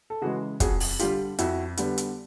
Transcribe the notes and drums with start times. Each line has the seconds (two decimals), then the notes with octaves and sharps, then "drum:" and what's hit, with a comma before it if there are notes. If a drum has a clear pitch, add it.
0.10 A4
0.21 C#3 E3 G#3 F#4 G#4
0.60 F2 F#4 G#4, drum: kick, hi-hat
0.80 drum: open hi-hat
0.99 D3 G3 F4 G4, drum: hi-hat
1.38 F2 E4 F#4, drum: hi-hat
1.77 D3 G3 B3, drum: hi-hat
1.98 drum: hi-hat